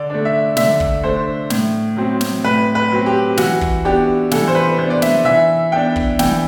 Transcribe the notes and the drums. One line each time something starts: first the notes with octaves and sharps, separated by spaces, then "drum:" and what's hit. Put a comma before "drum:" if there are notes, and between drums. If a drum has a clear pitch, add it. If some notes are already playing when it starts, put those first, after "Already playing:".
Already playing: D3 D5
A3 D4
E5
D3 E5, drum: snare
drum: kick
A3 D4 C5
A2, drum: snare
F#3 C4
drum: snare
A2 B4
B4
F#3 C4
G4
E3 F#4, drum: snare
drum: kick
B3 D4 G4
E3 A4, drum: snare
C5
B4
B3 C5
D4
D5
E5, drum: snare
E3 E5
B3 D4 G5
drum: kick
E3 G5, drum: snare